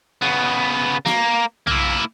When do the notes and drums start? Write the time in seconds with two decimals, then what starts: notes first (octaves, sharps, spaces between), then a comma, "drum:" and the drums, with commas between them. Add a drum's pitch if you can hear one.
0.22 C#3 B3
1.06 A#3, drum: snare
1.67 A#3 E4, drum: tom